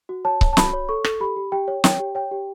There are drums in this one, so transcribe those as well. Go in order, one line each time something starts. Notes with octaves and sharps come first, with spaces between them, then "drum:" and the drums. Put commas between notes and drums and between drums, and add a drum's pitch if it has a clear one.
F#4
C#5 A5
C#5, drum: kick C#1
A5
F#4 B5, drum: snare
C#5
A4 C#6
A4, drum: rim click
G4 B5
G4
G4 G5
C#5
C#5 G5, drum: snare
G4
C#5 G5
G4